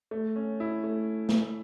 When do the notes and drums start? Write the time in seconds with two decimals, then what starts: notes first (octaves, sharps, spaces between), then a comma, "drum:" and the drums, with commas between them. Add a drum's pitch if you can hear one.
0.11 A3
0.36 C#4
0.60 E4
0.84 A3
1.29 drum: snare